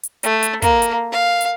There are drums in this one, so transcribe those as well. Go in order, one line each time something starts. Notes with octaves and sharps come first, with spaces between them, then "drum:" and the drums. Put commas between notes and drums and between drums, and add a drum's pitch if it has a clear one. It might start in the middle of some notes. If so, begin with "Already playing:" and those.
drum: hi-hat
A3, drum: hi-hat
drum: hi-hat
A#3, drum: kick, hi-hat
drum: hi-hat
F5
drum: hi-hat